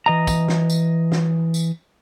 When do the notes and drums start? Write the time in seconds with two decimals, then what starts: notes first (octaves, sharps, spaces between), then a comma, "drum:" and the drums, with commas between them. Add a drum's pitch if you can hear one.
0.06 E3 D#5 A#5
0.27 drum: kick, tambourine
0.48 drum: snare
0.70 drum: tambourine
1.12 drum: snare
1.54 drum: tambourine